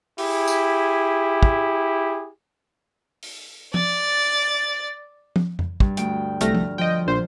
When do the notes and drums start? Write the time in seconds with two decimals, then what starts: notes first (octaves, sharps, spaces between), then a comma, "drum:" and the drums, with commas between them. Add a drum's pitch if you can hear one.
0.18 E4 G4 G#4, drum: open hi-hat
0.47 drum: tambourine
1.43 drum: kick
3.23 drum: open hi-hat
3.74 D5 A6, drum: tom F3
5.36 drum: tom F3
5.59 drum: tom F2
5.80 G2, drum: kick
5.97 D2 G5, drum: hi-hat
6.41 C2 A3 F6 A#6, drum: hi-hat
6.55 drum: tom F3
6.78 F3 D#5 G5
7.07 A#1 C5